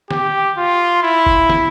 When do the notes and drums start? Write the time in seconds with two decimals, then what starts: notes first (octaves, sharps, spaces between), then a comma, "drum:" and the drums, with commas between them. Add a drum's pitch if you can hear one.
0.11 G4, drum: snare
0.58 F4
1.03 E4
1.26 drum: kick F#1
1.49 drum: snare